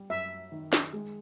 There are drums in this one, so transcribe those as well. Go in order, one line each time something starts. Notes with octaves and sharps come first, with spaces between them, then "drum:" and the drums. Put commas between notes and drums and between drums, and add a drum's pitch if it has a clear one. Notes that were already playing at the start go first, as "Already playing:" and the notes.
Already playing: G3
F#2 E5
D#3
drum: snare
G#3